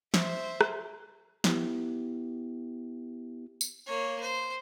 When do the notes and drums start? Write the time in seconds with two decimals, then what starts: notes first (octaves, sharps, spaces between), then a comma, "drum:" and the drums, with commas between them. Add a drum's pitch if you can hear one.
0.14 C5 E5, drum: snare
0.61 drum: rim click
1.44 B3 E4 G4, drum: snare
3.61 drum: tambourine
3.86 A#3 C#5
4.21 C5